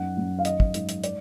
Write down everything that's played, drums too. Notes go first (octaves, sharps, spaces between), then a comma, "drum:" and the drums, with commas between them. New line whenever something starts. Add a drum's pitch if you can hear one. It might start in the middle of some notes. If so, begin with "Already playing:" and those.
Already playing: F#2 D#4 F#5
F#2
F5
D#3 D#5, drum: hi-hat
drum: kick
G#2, drum: hi-hat
drum: hi-hat
D5, drum: hi-hat